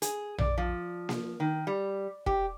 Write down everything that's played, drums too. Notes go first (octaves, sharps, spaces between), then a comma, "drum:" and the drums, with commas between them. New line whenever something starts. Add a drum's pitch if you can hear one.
G#4, drum: hi-hat
D5, drum: tom A#1
F3
drum: snare A#3
D#3
G3
G4, drum: kick